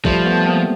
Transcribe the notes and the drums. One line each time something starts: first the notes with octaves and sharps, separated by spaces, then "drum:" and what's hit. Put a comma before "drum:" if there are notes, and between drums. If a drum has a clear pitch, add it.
F3 G3 A3, drum: kick
A3 B3
A#3 C4